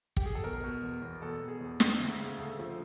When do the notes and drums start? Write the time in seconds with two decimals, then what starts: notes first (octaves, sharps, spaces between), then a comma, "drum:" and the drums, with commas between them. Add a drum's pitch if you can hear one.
0.17 G4, drum: kick
0.26 G#4
0.35 A4
0.44 B2 A#4
0.64 B2
0.83 E2
1.02 E2
1.22 B2 A4
1.41 B2
1.48 G#4
1.61 E2
1.80 E2, drum: snare
2.00 D2
2.20 C#3
2.39 D2 A4
2.59 F3